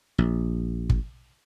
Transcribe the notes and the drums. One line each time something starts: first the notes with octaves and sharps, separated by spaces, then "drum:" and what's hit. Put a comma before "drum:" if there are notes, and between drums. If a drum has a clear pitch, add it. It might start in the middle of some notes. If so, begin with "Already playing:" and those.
A#1
drum: kick